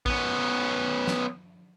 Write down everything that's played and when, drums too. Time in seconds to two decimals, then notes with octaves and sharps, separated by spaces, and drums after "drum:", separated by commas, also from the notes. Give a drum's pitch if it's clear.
0.06 B3 C#4, drum: kick
1.07 drum: snare